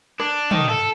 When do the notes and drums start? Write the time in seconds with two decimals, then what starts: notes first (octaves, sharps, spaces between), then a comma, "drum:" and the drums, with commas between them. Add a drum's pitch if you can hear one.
0.20 D4, drum: rim click
0.51 D#3, drum: tom
0.69 A4